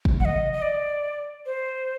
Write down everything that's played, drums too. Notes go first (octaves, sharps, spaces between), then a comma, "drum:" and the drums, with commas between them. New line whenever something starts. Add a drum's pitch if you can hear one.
drum: kick
F#5, drum: tom
D#5
D#5
D5
C5